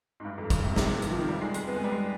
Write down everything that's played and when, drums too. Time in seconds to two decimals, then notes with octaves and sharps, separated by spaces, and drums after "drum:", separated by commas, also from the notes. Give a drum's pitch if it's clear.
0.20 G#2
0.25 G2
0.38 F2
0.50 G2, drum: kick, hi-hat
0.64 C3
0.71 B2
0.76 C3, drum: snare
1.02 D#3, drum: hi-hat
1.10 F3
1.18 D#3
1.28 G3
1.41 G#3
1.54 G#3, drum: hi-hat
1.67 B3
1.76 G#3
1.84 G3
1.92 G#3